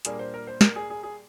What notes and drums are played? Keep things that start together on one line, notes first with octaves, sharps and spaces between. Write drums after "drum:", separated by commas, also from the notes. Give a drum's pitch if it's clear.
A#2 G3 A#3 D4 G#4, drum: hi-hat
C5
A#4
C5
A#4, drum: snare
G#4
G#4
G#4